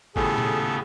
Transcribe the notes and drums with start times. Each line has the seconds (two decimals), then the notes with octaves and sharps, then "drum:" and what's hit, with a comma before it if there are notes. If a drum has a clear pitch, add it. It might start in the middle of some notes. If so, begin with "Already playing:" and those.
0.16 D#1 A2 C#3 B3 C#4 G#4 A4, drum: kick G#1
0.38 drum: tom A#2